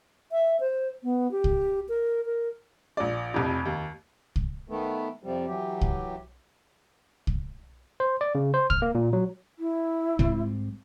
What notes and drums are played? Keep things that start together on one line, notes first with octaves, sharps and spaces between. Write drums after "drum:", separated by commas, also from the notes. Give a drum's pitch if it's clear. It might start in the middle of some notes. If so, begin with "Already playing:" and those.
E5
C5
B3
G4
drum: kick C2
A#4
A#4
A#1 D5
F1 C2 F2
D#2
drum: kick C2
D#3 A3 B3
F2 C3 F3 G3
E3 F#3 G4
drum: kick C2
drum: kick C2
C5
D5
C#3
C5
F6, drum: kick C2
A#3
A#2
F#3
E4
G#2 G3 C4, drum: kick C2